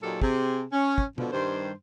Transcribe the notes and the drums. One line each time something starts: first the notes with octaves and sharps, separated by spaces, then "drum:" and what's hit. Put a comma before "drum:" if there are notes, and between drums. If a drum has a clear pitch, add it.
A#2 F#3 A#3 D#4 G4 A4
C3 C4 G#4, drum: kick
C#4
drum: kick
B2 D3 F3, drum: tom B2
G2 D#3 G3 C5